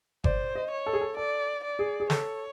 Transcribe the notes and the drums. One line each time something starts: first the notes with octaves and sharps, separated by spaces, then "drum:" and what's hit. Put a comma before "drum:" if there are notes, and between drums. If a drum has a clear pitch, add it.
C5 D5, drum: kick G1
D#5
C#5
A4
G#4
A4
A4 D5
D5
G#4
G#4
A4 C#5, drum: snare